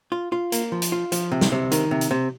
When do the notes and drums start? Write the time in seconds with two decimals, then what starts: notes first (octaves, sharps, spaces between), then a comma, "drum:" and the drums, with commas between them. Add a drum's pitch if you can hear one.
0.12 F4
0.32 F4
0.52 A#3, drum: hi-hat
0.72 F3
0.82 drum: hi-hat
0.92 F4
1.12 F3, drum: hi-hat
1.32 C3
1.41 drum: snare
1.52 C3
1.72 D#3, drum: hi-hat
1.91 C3
2.01 drum: hi-hat
2.11 C3